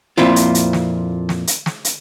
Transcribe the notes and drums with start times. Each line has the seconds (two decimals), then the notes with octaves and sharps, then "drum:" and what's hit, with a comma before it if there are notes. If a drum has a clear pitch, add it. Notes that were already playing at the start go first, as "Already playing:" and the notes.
0.18 F2 A#2 C4 E4 F4, drum: snare
0.36 drum: hi-hat
0.55 drum: hi-hat
0.73 drum: snare
1.29 drum: snare
1.47 drum: hi-hat
1.66 drum: snare
1.85 drum: hi-hat